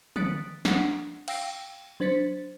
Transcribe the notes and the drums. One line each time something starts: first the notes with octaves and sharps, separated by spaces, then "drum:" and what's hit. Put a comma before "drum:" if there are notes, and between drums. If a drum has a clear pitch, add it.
D#6 F#6 A6 B6 C#7 D7, drum: tom
D4 F#5, drum: snare
F5 G5 E6 A#6 C7 D7, drum: cymbal
F#3 D4 C5 A6 B6 C#7